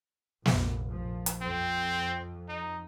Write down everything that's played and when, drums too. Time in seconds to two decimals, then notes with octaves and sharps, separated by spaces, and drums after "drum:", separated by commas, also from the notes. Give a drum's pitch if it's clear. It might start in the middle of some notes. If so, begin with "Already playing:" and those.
0.46 F1 A#1, drum: snare
0.89 A#1 F3
1.26 drum: hi-hat
1.42 F2 C4
2.49 D#4